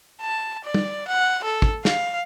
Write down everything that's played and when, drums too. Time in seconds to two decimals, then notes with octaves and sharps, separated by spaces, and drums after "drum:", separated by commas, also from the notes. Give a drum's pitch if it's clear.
0.21 A5
0.65 D5
0.74 drum: tom
1.08 F#5
1.44 A4
1.62 drum: kick
1.85 F5, drum: snare